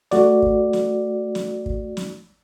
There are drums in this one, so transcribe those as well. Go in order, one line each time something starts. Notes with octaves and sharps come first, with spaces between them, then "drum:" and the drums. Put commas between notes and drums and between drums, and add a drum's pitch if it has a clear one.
A3 F#4 D5, drum: snare
drum: kick
drum: snare
drum: snare
drum: kick
drum: snare